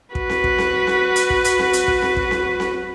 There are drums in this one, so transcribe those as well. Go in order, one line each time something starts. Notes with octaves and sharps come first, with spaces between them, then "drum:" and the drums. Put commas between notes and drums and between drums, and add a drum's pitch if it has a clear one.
F#4 B4, drum: kick
drum: snare C4
drum: kick
drum: snare C4
drum: snare C4
drum: hi-hat
drum: kick
drum: hi-hat
drum: snare C4
drum: hi-hat
drum: kick
drum: snare C4
drum: kick
drum: snare C4
drum: snare C4